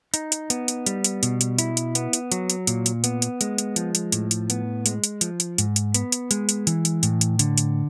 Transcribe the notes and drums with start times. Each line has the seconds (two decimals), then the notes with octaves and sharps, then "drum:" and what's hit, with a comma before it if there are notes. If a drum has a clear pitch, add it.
0.14 D#4, drum: hi-hat
0.32 drum: hi-hat
0.50 B3, drum: hi-hat
0.68 drum: hi-hat
0.86 G3, drum: hi-hat
1.04 drum: hi-hat
1.23 B2, drum: hi-hat
1.41 drum: hi-hat
1.59 E4, drum: hi-hat
1.77 drum: hi-hat
1.95 B3, drum: hi-hat
2.13 drum: hi-hat
2.32 F#3, drum: hi-hat
2.50 drum: hi-hat
2.67 A#2, drum: hi-hat
2.86 drum: hi-hat
3.04 B3, drum: hi-hat
3.22 drum: hi-hat
3.41 G#3, drum: hi-hat
3.58 drum: hi-hat
3.76 F3, drum: hi-hat
3.95 drum: hi-hat
4.12 A2, drum: hi-hat
4.31 drum: hi-hat
4.50 B3, drum: hi-hat
4.86 G#3, drum: hi-hat
5.04 drum: hi-hat
5.21 F3, drum: hi-hat
5.40 drum: hi-hat
5.58 G#2, drum: hi-hat
5.76 drum: hi-hat
5.94 B3, drum: hi-hat
6.12 drum: hi-hat
6.31 G#3, drum: hi-hat
6.49 drum: hi-hat
6.67 E3, drum: hi-hat
6.85 drum: hi-hat
7.03 A2, drum: hi-hat
7.21 drum: hi-hat
7.39 D3, drum: hi-hat
7.58 drum: hi-hat